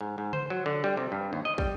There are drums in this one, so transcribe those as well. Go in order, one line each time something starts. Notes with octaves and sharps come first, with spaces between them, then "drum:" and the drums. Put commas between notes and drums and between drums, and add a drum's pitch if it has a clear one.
G#2
G#2
C5, drum: tom C#3
F#3
D3
G3
C3
G2
D#2
D#5
G3, drum: kick